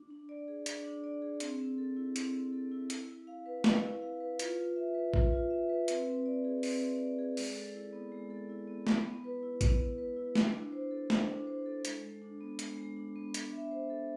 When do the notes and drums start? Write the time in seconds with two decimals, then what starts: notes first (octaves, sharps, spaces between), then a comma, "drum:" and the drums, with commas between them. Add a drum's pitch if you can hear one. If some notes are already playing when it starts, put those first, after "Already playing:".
Already playing: D4
0.10 D4
0.29 D5
0.48 G#4
0.66 D4, drum: hi-hat
0.84 D4
1.04 D5
1.22 G#4
1.40 C4, drum: hi-hat
1.59 C4
1.78 A4
1.97 E4
2.16 C4, drum: hi-hat
2.34 C4
2.53 A4
2.72 E4
2.90 E4, drum: hi-hat
3.09 E4
3.27 F5
3.46 B4
3.64 E4, drum: snare
3.83 E4
4.02 F5
4.20 B4
4.39 F4, drum: hi-hat
4.58 F4
4.76 E5
4.95 B4
5.14 F4, drum: kick A1
5.32 F4
5.50 E5
5.69 B4
5.88 C4, drum: hi-hat
6.07 C4
6.26 D5
6.45 G#4
6.63 C4, drum: open hi-hat
6.81 C4
7.00 D5
7.19 G#4
7.37 G#3, drum: open hi-hat
7.56 A4
7.74 E4
7.93 B3
8.12 G#3
8.30 A4
8.49 E4
8.68 B3
8.87 B3, drum: snare
9.06 B3
9.24 B4
9.43 E4
9.61 B3, drum: kick A1, hi-hat
9.80 B3
9.98 B4
10.16 E4
10.35 D4, drum: snare
10.54 D4
10.72 C5
10.91 A4
11.10 D4, drum: snare
11.28 D4
11.47 C5
11.66 A4
11.85 G#3, drum: hi-hat
12.03 G#3
12.22 D4
12.41 B3
12.59 G#3, drum: hi-hat
12.78 G#3
12.97 D4
13.16 B3
13.34 D4, drum: hi-hat
13.52 E5
13.71 C5
13.90 A4